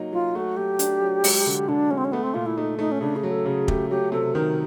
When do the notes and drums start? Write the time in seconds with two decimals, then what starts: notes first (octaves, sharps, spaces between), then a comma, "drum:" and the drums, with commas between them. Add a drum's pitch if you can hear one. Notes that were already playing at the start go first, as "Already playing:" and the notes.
Already playing: F#3 A#3 D#4
0.13 F#3 F4
0.35 A3 F#4
0.57 F#3 G4
0.79 D4, drum: hi-hat
1.02 F#3
1.24 G#3, drum: open hi-hat
1.46 D3
1.69 D3 D4
1.91 G#3 C#4
1.97 C4
2.05 C#4
2.12 A3 B3
2.23 C4
2.34 A#2 F4
2.46 E4
2.57 A3 D#4
2.79 A3 D#4
2.92 C#4
3.01 C#3 D4
3.16 G#4
3.23 F#3
3.32 A4
3.46 C#3 G#4
3.68 A3 G4, drum: kick
3.90 F#3 G4
4.12 C3 A4
4.34 D#3 A#4